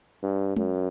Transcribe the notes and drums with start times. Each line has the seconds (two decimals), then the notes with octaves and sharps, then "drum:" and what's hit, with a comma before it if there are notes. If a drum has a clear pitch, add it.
0.23 G2
0.57 F#2, drum: tom G#3